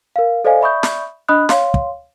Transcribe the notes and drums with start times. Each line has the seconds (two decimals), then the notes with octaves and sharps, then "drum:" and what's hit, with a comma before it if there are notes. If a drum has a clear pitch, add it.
0.16 A#4 F5
0.45 A4 C5 D5 D#5 F5 G#5
0.61 D5 E5 B5 C#6 D#6 G6
0.83 drum: snare
1.28 D4 D#5 B5 D#6 F#6
1.49 C#5 F5 C6, drum: snare
1.74 drum: kick